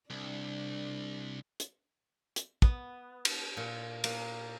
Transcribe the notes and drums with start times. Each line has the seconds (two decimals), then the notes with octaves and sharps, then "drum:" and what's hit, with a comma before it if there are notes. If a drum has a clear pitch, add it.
0.10 C2 D4
1.60 drum: hi-hat
2.36 drum: hi-hat
2.62 B3, drum: kick
3.25 drum: cymbal
3.57 A#2
4.04 A#3, drum: cymbal